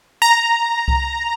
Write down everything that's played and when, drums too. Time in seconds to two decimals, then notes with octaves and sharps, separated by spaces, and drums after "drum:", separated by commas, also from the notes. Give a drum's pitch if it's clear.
0.22 A#5
0.88 drum: kick C2